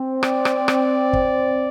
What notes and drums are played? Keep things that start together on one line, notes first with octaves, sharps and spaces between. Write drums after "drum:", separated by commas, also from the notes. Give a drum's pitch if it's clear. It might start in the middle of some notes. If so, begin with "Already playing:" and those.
Already playing: C4
D5, drum: rim click
drum: rim click
drum: rim click
drum: kick